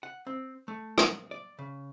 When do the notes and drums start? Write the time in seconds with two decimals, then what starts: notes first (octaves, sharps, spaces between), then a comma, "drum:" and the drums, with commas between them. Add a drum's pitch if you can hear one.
0.03 F#5
0.27 C4
0.68 A3
0.98 drum: rim click
1.31 D5
1.59 C#3